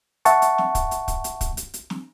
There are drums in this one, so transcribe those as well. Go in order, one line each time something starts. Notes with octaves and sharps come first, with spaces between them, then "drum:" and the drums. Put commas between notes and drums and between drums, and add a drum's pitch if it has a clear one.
E5 F#5 A5 C#6, drum: hi-hat
drum: hi-hat
drum: snare
drum: kick, hi-hat
drum: hi-hat
drum: kick, hi-hat
drum: hi-hat
drum: kick, hi-hat
drum: hi-hat
drum: hi-hat
drum: snare